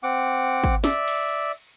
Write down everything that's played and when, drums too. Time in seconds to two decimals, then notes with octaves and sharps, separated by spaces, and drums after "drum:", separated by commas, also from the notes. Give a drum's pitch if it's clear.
0.03 C4 F#5 D6
0.64 drum: kick
0.84 D5 E5, drum: snare
1.08 drum: cymbal